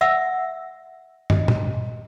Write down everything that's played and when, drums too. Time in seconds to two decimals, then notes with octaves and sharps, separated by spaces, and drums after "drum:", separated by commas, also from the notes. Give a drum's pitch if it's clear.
0.01 E5 F#5 E6
1.30 D#5, drum: tom
1.48 drum: tom A#2